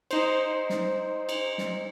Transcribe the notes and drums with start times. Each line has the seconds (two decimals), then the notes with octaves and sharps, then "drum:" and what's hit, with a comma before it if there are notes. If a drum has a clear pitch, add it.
0.11 D#4 C5, drum: cymbal
0.70 drum: snare
1.29 drum: cymbal
1.58 drum: snare